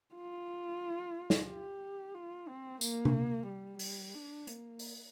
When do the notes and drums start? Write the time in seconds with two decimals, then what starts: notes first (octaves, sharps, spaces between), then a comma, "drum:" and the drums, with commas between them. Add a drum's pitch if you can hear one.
0.15 F4
1.30 drum: snare
1.48 G4
2.15 F4
2.48 C4
2.81 A#3, drum: tambourine
3.05 drum: tom C3
3.48 G3
3.79 drum: open hi-hat
4.15 D4
4.47 A#3, drum: hi-hat
4.79 drum: open hi-hat